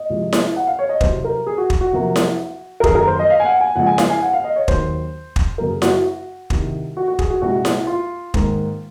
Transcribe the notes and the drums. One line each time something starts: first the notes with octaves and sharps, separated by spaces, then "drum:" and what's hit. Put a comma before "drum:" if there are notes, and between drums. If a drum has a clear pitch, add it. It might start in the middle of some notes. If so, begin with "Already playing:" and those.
Already playing: D#5
C2 C3 F3 G#3
drum: snare E4
F#5
F5
C#5
D#5
C2 C3 F#3 C5, drum: kick
A#4
G#4
F#4
drum: kick
F#4
F2 C3 F#3 A#3
drum: snare E4
A#4
F#2 D#3 F#3 A#3 G#4, drum: kick
A#4
C5
D#5
F5
G#5
F#5
G#5
F2 C#3 F3 G#3 F#5
G#5
F5, drum: snare E4
G#5
F#5
F5
D#5
C#5
D#2 D#3 F#3 A#3 C5, drum: kick
drum: kick
F#2 C#3 F#3 A#3 A#4
G#4
F#4, drum: snare E4
F#4
C2 C3 D#3, drum: kick
F#4
F#4
G#4, drum: kick
F#4
C2 A#2 G#3 F#4
drum: snare E4
F4
G#2 D#3 A#3, drum: kick